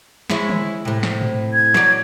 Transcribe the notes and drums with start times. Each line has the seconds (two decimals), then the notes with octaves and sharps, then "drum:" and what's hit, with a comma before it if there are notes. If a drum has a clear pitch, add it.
0.30 G#3 E4 C#5, drum: snare
0.49 drum: tom
0.85 A2 C3
1.03 drum: snare
1.21 drum: tom
1.53 G#6
1.74 F#3 C#5 D5, drum: snare